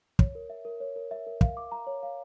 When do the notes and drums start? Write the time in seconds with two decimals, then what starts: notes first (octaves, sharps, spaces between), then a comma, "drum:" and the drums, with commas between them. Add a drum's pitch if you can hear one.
0.19 C#5, drum: kick
0.35 A#4
0.50 E5
0.65 A#4
0.80 C#5
0.96 A#4
1.11 E5
1.27 A#4
1.41 F5, drum: kick
1.57 D6
1.72 A#5
1.87 C#5
2.03 F5